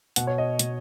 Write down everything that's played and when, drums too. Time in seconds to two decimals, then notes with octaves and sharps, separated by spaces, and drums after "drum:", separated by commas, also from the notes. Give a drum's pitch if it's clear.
0.16 B2 F#5, drum: hi-hat
0.27 C#5
0.38 D#5
0.59 B2, drum: hi-hat